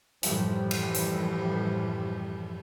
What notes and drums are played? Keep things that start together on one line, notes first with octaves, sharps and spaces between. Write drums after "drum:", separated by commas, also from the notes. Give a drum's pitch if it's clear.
F#2 A2 E3 F3 G3, drum: hi-hat
drum: cymbal
drum: hi-hat